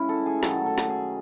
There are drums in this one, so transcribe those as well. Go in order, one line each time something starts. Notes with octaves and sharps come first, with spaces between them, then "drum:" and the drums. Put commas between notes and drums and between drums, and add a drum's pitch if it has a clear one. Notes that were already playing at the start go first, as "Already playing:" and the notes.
Already playing: C#3 E3 G#3 C#4 E4
A4
G#4
F#2 D#3 F#3 A3 A4, drum: snare
A4
drum: snare
G#4